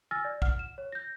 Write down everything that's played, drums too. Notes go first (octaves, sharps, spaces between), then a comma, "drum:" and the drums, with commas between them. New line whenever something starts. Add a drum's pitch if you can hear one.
G#5 E6 F6 A6 A#6
D5
F#5 F6, drum: kick
E7
C#5
G6 A#6